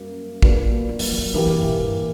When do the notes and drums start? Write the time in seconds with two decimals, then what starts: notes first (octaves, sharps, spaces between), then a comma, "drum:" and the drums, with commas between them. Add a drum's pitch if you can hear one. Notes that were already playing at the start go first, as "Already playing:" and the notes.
Already playing: F#2 G3 A#3
0.42 A#2 A#3 D4 F#4 B4, drum: kick
0.89 A#3
0.99 G3, drum: open hi-hat
1.11 F#3
1.18 E3
1.22 F#3
1.33 D3 E3 A#3 E4 G4
1.46 E2
1.57 F#2
1.63 A#2
1.68 G2
1.80 G2